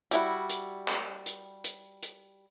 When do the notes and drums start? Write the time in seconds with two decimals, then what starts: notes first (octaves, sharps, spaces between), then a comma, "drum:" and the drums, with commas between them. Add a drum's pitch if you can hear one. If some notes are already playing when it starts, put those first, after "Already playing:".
0.11 G3 E4 F#4, drum: hi-hat
0.50 drum: hi-hat
0.88 drum: clap
1.26 drum: hi-hat
1.64 drum: hi-hat
2.03 drum: hi-hat